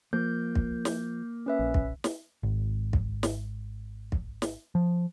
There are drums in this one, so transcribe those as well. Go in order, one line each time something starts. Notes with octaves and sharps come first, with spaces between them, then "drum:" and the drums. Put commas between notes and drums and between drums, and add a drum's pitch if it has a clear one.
F3 A#3 G6
drum: kick
drum: snare
C#4 B4 E5
A#1
drum: kick
drum: snare
G#1
drum: kick
drum: snare
drum: kick
drum: snare
F3